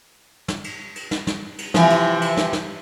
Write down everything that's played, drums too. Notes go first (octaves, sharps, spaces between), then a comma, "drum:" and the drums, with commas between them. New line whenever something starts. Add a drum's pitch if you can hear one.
drum: snare
drum: cymbal
drum: cymbal
drum: snare
drum: snare
drum: cymbal
C3 E3 F3, drum: snare
drum: cymbal
drum: cymbal
drum: snare
drum: snare